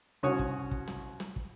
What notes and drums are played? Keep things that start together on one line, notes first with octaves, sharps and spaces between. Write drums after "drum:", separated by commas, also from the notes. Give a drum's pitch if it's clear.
C2 C#4 F#4 C#5 D#6
drum: kick
drum: kick
drum: snare
drum: snare
drum: kick